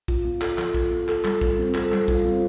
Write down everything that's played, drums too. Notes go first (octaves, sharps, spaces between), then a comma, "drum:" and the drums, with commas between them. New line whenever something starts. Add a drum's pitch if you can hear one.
F4, drum: kick
B3
A4, drum: clap
F3, drum: clap
F4, drum: kick
B3
A4, drum: clap
G3, drum: clap
F4, drum: kick
C4
A4, drum: clap
G3, drum: clap
F4, drum: kick
C4